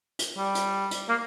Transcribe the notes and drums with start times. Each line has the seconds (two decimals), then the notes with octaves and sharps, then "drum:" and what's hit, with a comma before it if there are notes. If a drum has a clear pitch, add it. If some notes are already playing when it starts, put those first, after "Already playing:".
0.19 drum: hi-hat
0.37 G3
0.55 drum: hi-hat
0.91 drum: hi-hat
1.08 A#3